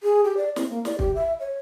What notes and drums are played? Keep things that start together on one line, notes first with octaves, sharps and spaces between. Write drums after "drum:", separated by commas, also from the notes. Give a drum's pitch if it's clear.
G#4
G4
D5
C4, drum: snare
A#3
D5, drum: snare
G4, drum: kick
E5
C#5